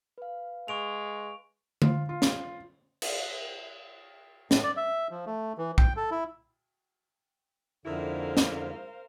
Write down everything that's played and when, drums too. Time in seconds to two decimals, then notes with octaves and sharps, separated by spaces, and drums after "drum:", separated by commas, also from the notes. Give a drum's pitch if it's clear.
0.18 B4 F5
0.68 G#3 C#6 D7 F7
1.82 F4, drum: tom D3
2.09 F4
2.22 drum: snare
3.02 drum: cymbal
4.51 A2, drum: snare
4.63 D5
4.77 E5
5.11 F3
5.26 A3
5.58 E3
5.78 G5, drum: kick
5.97 A4
6.11 E4
7.86 F2 G#2 D3 E4 A#4 C5 F5
8.37 drum: snare